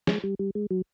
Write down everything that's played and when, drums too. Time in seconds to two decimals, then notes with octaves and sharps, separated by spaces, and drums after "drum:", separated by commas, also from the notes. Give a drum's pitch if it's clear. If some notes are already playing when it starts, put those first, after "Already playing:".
0.07 G#3, drum: snare
0.24 G3
0.39 G3
0.55 G#3
0.71 F#3